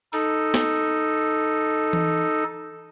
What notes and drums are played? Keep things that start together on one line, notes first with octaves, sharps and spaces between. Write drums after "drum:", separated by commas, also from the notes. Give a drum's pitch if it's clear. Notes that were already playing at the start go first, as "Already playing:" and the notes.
D#4 A4, drum: open hi-hat
drum: snare
drum: tom E3